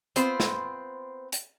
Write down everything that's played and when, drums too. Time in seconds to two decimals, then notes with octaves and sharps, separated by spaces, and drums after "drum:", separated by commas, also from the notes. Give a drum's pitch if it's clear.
0.16 B3 C4 F4 B4 C5, drum: hi-hat
0.40 drum: snare
1.32 drum: hi-hat